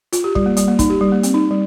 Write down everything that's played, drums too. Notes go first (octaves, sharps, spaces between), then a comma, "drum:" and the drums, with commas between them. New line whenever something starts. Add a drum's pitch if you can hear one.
F4, drum: hi-hat
G4
G3, drum: kick
A#3
G3, drum: hi-hat
A#3
D#4, drum: kick, hi-hat
G4
G3
A#3
C4, drum: hi-hat
D#4
G3